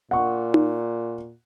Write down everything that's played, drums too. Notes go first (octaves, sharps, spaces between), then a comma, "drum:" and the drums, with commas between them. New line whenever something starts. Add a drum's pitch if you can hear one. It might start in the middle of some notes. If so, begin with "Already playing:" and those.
A#2 F#5 C#6
drum: tom D#4